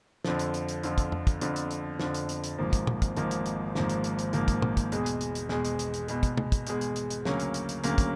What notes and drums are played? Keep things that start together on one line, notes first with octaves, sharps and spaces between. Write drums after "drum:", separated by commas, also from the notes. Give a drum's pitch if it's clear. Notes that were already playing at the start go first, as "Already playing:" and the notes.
F2 D3 F3, drum: snare
drum: hi-hat
drum: hi-hat
drum: hi-hat
F2 D3 F3, drum: hi-hat
drum: kick, hi-hat
drum: tom F2
drum: kick, hi-hat
F2 D3 F3, drum: hi-hat
drum: hi-hat
drum: hi-hat
F2 D3 F3, drum: snare
drum: hi-hat
drum: hi-hat
drum: hi-hat
G#1 G#2 F3 A#3
drum: kick, hi-hat
drum: tom
drum: kick, hi-hat
G#1 G#2 F3 A#3, drum: hi-hat
drum: hi-hat
drum: hi-hat
G#1 G#2 F3 A#3, drum: snare
drum: hi-hat
drum: hi-hat
drum: hi-hat
G#1 G#2 F3 A#3, drum: hi-hat
drum: kick, hi-hat
drum: tom
drum: kick, hi-hat
E2 B2 G#3, drum: hi-hat
drum: hi-hat
drum: hi-hat
drum: hi-hat
E2 B2 G#3, drum: snare
drum: hi-hat
drum: hi-hat
drum: hi-hat
E2 B2 G#3, drum: hi-hat
drum: kick, hi-hat
drum: tom
drum: kick, hi-hat
E2 B2 G#3, drum: hi-hat
drum: hi-hat
drum: hi-hat
drum: hi-hat
D2 C#3 F#3 A#3 C#4, drum: snare
drum: hi-hat
drum: hi-hat
drum: hi-hat
D2 C#3 F#3 A#3 C#4, drum: hi-hat
drum: kick, hi-hat